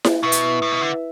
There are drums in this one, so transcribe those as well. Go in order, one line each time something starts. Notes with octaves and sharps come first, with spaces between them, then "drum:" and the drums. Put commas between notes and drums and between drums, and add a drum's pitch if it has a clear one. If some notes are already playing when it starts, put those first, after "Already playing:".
drum: snare E4
B2 E4 B4 E5
drum: hi-hat
A2
B2
D3